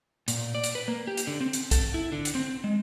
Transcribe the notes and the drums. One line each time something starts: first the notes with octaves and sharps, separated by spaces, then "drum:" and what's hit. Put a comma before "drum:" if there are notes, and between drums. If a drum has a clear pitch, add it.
A#2, drum: hi-hat
D5
drum: hi-hat
B4
A#3
G4
drum: hi-hat
D3
C4
drum: hi-hat
A4, drum: kick, hi-hat
E4
D3
drum: hi-hat
C4
G#3